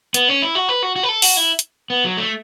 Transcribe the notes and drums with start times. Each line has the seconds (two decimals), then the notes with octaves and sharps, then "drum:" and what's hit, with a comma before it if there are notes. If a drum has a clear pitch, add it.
0.14 B3, drum: hi-hat
0.28 C#4
0.42 E4
0.55 F#4
0.69 B4
0.83 F#4
0.96 F#4
1.03 B4
1.09 A4
1.22 F#4, drum: open hi-hat
1.37 E4
1.59 drum: hi-hat
1.90 B3
2.05 F#3
2.17 A3